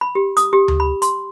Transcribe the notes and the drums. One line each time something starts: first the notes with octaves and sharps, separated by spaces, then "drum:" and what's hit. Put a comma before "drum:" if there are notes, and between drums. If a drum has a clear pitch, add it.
B5
G4
D#6, drum: hi-hat
G4
drum: tom D2
B5
C6, drum: hi-hat